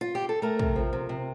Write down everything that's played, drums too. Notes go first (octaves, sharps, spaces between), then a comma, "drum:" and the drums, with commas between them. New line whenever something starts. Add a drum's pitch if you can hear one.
F4
G4
A4
A3 A#4
C3, drum: kick
F3
C3
C3